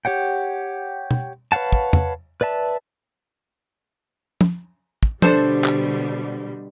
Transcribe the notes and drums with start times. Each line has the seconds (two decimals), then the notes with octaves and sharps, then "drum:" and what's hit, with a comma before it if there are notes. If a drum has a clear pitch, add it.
0.05 G4 C#5 F#5 G5
1.11 drum: tom
1.52 B4 C#5 F5 F#5 A5
1.72 drum: kick
1.93 drum: tom E2
2.41 B4 D5 E5 A5
4.41 drum: tom
5.03 drum: kick
5.22 B2 D3 G3 D4 A4 C5, drum: tom
5.64 drum: clap